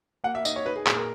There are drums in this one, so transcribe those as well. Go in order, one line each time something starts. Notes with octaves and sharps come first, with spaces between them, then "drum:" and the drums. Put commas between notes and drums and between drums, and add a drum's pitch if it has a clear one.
A#3 F#5
E5
D#4 D#5, drum: tambourine
C#5
D#4 B4
G#4
A#2 G#4, drum: clap
A#4